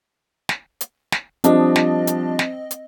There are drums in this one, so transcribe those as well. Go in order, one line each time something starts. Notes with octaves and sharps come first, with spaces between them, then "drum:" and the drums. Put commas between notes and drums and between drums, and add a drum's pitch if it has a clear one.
drum: snare
drum: hi-hat
drum: snare
F3 G3 C4 D4 D#5, drum: hi-hat
drum: snare
drum: hi-hat
drum: snare
drum: hi-hat